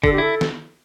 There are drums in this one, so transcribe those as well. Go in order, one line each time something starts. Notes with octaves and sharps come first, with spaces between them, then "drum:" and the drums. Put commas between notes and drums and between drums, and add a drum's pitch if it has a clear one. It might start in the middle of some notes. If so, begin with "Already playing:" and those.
D3 A4, drum: kick
G4
E4 A4
drum: snare